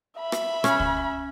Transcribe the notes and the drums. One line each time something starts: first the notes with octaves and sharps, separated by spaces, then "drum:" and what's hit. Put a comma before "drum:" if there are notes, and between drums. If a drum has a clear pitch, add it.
E5 B5
drum: rim click
C#4, drum: rim click
drum: kick C#2